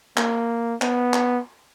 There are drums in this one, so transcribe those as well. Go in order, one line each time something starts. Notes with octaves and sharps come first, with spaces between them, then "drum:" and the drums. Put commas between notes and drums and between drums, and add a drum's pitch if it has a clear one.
A#3, drum: clap
B3, drum: clap
drum: clap